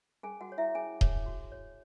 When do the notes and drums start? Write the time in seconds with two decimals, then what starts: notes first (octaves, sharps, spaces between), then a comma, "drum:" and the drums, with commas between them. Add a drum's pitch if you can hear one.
0.23 C#4 G#4 G#5
0.41 F#4 F#5
0.49 G#4 C#5
0.58 E4 E5
0.75 C#4 G#4 G#5
1.01 G#4 C#5, drum: kick D#1
1.26 F#4
1.52 C#5